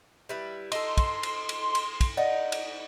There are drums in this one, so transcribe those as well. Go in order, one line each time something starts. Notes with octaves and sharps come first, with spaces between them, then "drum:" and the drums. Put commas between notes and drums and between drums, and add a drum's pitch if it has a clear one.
G3 E4 B4
D#4 A4 C6, drum: cymbal
drum: kick, cymbal
drum: cymbal
drum: cymbal
drum: cymbal
drum: kick, cymbal
D#4 D5 F#5
drum: cymbal